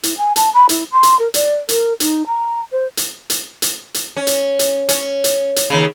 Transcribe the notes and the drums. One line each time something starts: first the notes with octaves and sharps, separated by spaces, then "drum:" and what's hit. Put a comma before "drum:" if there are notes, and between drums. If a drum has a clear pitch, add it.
E4, drum: hi-hat
G#5
A5, drum: hi-hat
B5
E4, drum: hi-hat
C6
drum: hi-hat
A#4
D5, drum: hi-hat
A#4, drum: hi-hat
D#4, drum: hi-hat
A#5
C5
drum: hi-hat
drum: hi-hat
drum: hi-hat
drum: hi-hat
C#4
drum: hi-hat
drum: hi-hat
C#4, drum: hi-hat
drum: hi-hat
drum: hi-hat
D#2 C#3